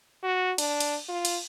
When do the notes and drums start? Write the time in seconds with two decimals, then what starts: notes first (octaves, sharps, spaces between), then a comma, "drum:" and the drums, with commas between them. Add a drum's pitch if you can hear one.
0.23 F#4
0.58 D4, drum: cymbal
0.80 drum: cymbal
1.09 F4
1.25 drum: cymbal